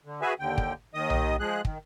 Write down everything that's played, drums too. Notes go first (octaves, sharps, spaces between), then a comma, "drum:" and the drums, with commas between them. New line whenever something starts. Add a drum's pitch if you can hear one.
D3
F#4 G#4 B4 E5 G#5
D#2 D3 G5
drum: kick
D#2 D#3 D#5 D#6
drum: tom B1
F3 G#3 G#4 F#6
D#3, drum: kick